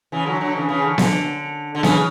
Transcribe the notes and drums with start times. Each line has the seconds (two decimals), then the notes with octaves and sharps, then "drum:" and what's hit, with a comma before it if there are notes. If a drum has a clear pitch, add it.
0.12 C#3 E3
0.26 D3 F#3
0.41 D3 F#3
0.55 C#3 E3
0.69 C#3 E3
0.83 D3
0.98 D3, drum: snare B3
1.75 D3
1.83 C#3 E3, drum: snare B3